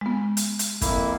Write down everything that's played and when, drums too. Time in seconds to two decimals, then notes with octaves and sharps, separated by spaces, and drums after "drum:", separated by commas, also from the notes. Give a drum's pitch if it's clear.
0.01 G#3 B3
0.37 drum: hi-hat
0.59 drum: hi-hat
0.81 F2 A#3 E4, drum: kick, hi-hat